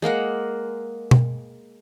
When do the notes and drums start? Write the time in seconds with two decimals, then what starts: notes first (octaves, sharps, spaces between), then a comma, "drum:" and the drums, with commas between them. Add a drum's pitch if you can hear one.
0.02 G#3 A#3 A#4 F#5
1.11 drum: tom B2